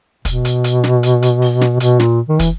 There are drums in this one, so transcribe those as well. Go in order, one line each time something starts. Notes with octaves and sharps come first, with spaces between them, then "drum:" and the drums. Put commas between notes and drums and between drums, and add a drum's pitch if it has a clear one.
B2, drum: kick, hi-hat
drum: hi-hat
drum: hi-hat
drum: snare
drum: hi-hat
drum: hi-hat
drum: open hi-hat
drum: snare
B2, drum: hi-hat
A#2, drum: snare
D#3
E3, drum: kick, hi-hat